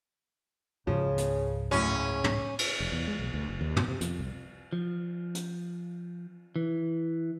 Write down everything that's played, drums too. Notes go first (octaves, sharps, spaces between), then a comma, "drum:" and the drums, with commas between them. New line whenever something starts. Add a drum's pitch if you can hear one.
C#2 G#2 C#3 F3
drum: hi-hat
F#2 A2 C#3 C#4
drum: tom
drum: cymbal
F1
E2
G#3
B1
D2
F#1
D#2
B2, drum: tom
C3
F2, drum: hi-hat
C2
F3
drum: hi-hat
E3